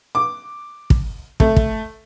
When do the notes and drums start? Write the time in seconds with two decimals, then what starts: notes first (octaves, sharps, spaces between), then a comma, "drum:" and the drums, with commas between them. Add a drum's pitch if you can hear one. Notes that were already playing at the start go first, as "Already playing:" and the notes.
0.15 D6
0.90 drum: kick
1.40 A3, drum: kick
1.56 drum: kick